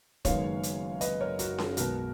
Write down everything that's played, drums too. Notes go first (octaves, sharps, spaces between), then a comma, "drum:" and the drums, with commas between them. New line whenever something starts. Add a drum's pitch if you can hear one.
F#1 F#2 D#3 G#3 B3 C#5 F5, drum: kick, hi-hat
drum: hi-hat
B4 D#5, drum: hi-hat
A#4 C#5
F#4 A#4, drum: hi-hat
drum: snare C#4
B1 B2 G#3 B3 F#4 A#4, drum: hi-hat